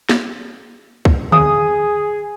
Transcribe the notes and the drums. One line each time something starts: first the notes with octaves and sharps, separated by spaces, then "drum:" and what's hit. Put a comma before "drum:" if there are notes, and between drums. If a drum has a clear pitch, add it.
drum: snare
drum: kick C2
G#4 D#6, drum: tom D3